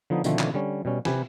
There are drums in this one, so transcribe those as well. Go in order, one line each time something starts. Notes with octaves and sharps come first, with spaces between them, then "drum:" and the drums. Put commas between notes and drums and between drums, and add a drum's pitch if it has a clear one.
D3 F3 B3 D#4
B2 D3 D#3 F3 A3 C4, drum: tambourine
drum: clap
D3 G3 C#4
B2 G3 C#4
C3 G4 B4 G#5, drum: snare